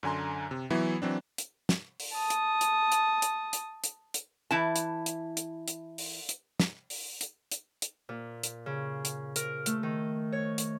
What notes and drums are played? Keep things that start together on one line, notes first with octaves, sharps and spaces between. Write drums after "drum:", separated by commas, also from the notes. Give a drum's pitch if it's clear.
F#2 D3 G#5 A#5 C6
C3
E3 F#3 B3 E4
E3 F#3 C4 D4
drum: hi-hat
drum: snare
drum: open hi-hat
A5 D#6
drum: hi-hat
drum: hi-hat
drum: hi-hat
drum: hi-hat
drum: hi-hat
drum: hi-hat
drum: hi-hat
E3 E4 A5
drum: hi-hat
drum: hi-hat
drum: hi-hat
drum: hi-hat
drum: open hi-hat
drum: hi-hat
drum: snare
drum: open hi-hat
drum: hi-hat
drum: hi-hat
drum: hi-hat
A#2
drum: hi-hat
C#3
drum: hi-hat
A#4, drum: hi-hat
A3, drum: hi-hat
D#3
C#5
drum: hi-hat